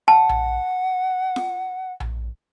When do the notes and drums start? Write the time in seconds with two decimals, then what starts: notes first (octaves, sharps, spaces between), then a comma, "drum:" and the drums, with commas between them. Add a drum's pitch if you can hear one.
0.08 F#5 A5
0.29 drum: tom A#1
1.36 drum: snare F4
2.00 drum: tom A#1